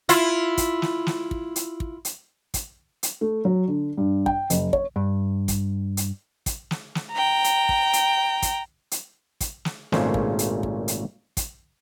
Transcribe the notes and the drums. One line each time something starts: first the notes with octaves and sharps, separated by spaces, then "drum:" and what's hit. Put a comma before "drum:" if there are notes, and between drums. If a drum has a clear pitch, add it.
E4 F4, drum: hi-hat
drum: kick, hi-hat
drum: snare
drum: snare
drum: kick
drum: hi-hat
drum: kick
drum: hi-hat
drum: kick, hi-hat
drum: hi-hat
A3
F#3
D3
G2
G5, drum: kick
F#1, drum: hi-hat
C#5, drum: kick
G2
drum: kick, hi-hat
drum: hi-hat
drum: kick, hi-hat
drum: snare
drum: snare
G5 A#5
drum: hi-hat
drum: kick
drum: hi-hat
drum: kick, hi-hat
drum: hi-hat
drum: kick, hi-hat
drum: snare
G#1 A#2 C#3 A3 C#4 C5, drum: snare
drum: kick
drum: hi-hat
drum: kick
drum: hi-hat
drum: kick, hi-hat